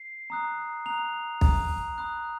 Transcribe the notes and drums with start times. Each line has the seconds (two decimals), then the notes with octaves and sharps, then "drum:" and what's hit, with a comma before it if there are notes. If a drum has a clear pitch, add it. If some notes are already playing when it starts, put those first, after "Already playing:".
Already playing: C7
0.30 A#5 D#6 F#6
0.86 A#5 D#6 F#6 F7
1.41 A#5 D#6 F#6, drum: kick
1.98 B5 D#6 F#6